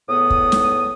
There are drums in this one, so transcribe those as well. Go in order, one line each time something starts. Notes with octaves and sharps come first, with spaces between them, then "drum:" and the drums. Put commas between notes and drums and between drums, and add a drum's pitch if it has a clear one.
E2 A2 B3 D#6
drum: kick
drum: snare